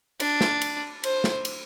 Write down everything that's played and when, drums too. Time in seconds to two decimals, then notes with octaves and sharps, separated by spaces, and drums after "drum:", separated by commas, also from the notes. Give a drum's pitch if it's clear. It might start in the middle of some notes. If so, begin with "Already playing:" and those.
0.20 D4, drum: cymbal
0.41 drum: snare
0.61 drum: cymbal
1.04 C5, drum: cymbal
1.24 drum: snare
1.45 drum: cymbal